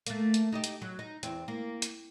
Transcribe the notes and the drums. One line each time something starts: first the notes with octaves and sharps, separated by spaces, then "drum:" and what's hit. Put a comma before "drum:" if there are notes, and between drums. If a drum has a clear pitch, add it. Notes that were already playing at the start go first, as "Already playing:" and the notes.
A3 A#3, drum: hi-hat
drum: hi-hat
D#4 G4 D#5
drum: hi-hat
F#3
D#4
E2 C4, drum: hi-hat
A#3
drum: hi-hat